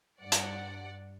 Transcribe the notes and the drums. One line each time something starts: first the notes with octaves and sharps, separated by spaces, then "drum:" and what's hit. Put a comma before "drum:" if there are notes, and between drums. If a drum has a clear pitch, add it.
G2 D5 F#5
drum: hi-hat